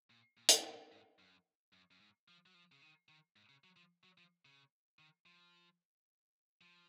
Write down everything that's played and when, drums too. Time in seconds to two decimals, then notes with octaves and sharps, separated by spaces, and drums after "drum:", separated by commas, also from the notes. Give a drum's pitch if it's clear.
0.10 A#2
0.38 A#2
0.49 drum: hi-hat
0.65 A#2
0.92 G#2
1.19 F#2
1.73 F#2
1.91 F#2
2.00 G#2
2.28 F3
2.46 F#3
2.54 F3
2.72 C#3
2.82 D#3
3.09 D#3
3.36 G#2
3.49 C#3
3.64 F#3
3.76 F3
4.03 F#3
4.18 F3
4.45 C#3
4.99 D#3
5.26 F3
6.61 F3